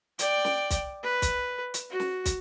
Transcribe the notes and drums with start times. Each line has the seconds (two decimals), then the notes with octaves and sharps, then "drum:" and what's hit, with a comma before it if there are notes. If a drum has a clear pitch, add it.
0.19 D5 G5, drum: hi-hat
0.45 drum: snare
0.70 drum: kick, hi-hat
1.03 B4
1.22 drum: kick, hi-hat
1.74 drum: hi-hat
1.91 F#4
2.00 drum: snare
2.25 drum: kick, hi-hat